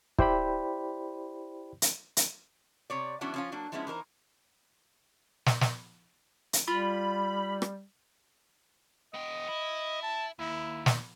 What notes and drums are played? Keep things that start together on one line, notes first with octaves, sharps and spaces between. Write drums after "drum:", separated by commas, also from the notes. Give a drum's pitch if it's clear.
E4 G4 C5 D5 G5 B5, drum: kick
drum: hi-hat
drum: hi-hat
C3 C#5 D5
E3 F#3 B3 C#4 D4 E4
F3 C#4 F4
F#3 A#3 D4
F3 G3 G#3 B3 C#4 E4
E3 D#4 A#4 C5
drum: snare
drum: snare
drum: hi-hat
G3 F4 B5
drum: rim click
B3 D#5 G5
E4
A5
D#2 E4
drum: snare